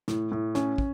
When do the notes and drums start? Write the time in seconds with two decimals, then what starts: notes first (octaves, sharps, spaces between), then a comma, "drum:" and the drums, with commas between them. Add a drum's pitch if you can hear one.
0.08 A2, drum: snare
0.32 A2
0.55 C#4, drum: snare
0.78 drum: kick